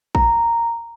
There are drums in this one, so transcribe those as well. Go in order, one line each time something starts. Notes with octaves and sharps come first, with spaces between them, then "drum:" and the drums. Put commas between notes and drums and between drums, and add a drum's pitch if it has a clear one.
A#5, drum: kick